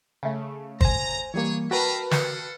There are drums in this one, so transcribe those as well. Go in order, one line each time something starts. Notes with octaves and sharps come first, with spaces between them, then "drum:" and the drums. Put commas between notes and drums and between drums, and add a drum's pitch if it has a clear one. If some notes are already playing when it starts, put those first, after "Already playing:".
C#3 A3
C5 G#5 A#5, drum: kick
E3 G3 A#3 G#4 C#5
F#4 A#4 B4 E5 F5 G5 A5 A#5
A4 F5 F#5, drum: snare